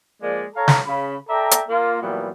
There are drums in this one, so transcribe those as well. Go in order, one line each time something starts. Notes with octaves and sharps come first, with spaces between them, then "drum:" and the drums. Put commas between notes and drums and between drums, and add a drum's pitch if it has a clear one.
F3 G#3 A#3 D5
A4 C#5 F5 A#5
drum: snare
C#3 B5
A4 D5 E5 G5 A#5
drum: hi-hat
A#3 F4
A#2 E3 F#3 G3 B3